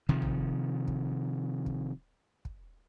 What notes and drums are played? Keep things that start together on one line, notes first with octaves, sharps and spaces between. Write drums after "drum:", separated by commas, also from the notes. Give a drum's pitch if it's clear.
C3 D#3 F3, drum: kick
drum: tom
drum: kick
drum: kick
drum: kick